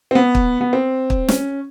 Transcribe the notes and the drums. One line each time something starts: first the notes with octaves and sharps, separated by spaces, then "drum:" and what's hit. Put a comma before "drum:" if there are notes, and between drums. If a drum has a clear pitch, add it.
C4
B3
drum: kick
B3
C4
drum: kick
C#4, drum: snare